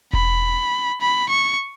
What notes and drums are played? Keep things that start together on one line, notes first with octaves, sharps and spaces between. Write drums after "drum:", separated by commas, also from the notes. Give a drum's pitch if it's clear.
B5, drum: kick E1
B5
C#6